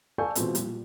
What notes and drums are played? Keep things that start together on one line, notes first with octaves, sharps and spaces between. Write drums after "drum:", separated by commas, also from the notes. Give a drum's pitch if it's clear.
A4 D5 F5 G#5 C#6 G6
B2 E3 F3 G#3 C4, drum: hi-hat
A#2 G3, drum: hi-hat